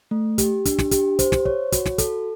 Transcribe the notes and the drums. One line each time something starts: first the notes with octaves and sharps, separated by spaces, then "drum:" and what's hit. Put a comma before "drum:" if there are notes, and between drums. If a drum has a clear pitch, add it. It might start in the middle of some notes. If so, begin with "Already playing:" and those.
A3
G4, drum: kick, hi-hat
D4, drum: kick, hi-hat
drum: snare
G4, drum: kick, hi-hat
C5, drum: kick, hi-hat
drum: snare
C#5, drum: kick
F#4, drum: kick, hi-hat
drum: snare
A4, drum: kick, hi-hat